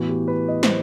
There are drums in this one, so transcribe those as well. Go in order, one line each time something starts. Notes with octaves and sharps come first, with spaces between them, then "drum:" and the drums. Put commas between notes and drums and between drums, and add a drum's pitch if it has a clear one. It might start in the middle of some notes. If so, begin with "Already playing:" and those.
Already playing: A2 E3 B3 F#4
G4
B4
D#5
C5, drum: snare